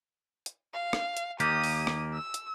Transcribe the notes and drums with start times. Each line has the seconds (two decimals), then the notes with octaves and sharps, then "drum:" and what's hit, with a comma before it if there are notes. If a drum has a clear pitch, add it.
0.46 drum: hi-hat
0.74 F5
0.93 drum: rim click
1.17 drum: hi-hat
1.40 D#2 A#3 G4 D#6, drum: hi-hat
1.64 drum: open hi-hat
1.87 drum: rim click
2.14 E6
2.34 drum: hi-hat